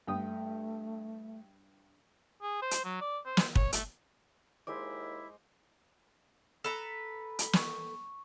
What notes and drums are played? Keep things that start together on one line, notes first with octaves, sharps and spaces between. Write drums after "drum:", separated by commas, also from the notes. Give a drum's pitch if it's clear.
G2 A3 G5 D#6
G#4
C5
drum: hi-hat
F#3
D5
C5
drum: snare
C#5, drum: kick
A3, drum: hi-hat
D#2 G#3 E4 C5 D#5 D6
A4 B4 A#5
drum: hi-hat
C#6, drum: snare